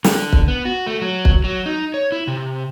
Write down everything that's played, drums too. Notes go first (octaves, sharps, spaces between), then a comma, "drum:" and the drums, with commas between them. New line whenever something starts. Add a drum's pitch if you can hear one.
D3, drum: snare
drum: kick
B3
F#4
A3
F#3
drum: kick
F#3
D#4
C#5
E4
C3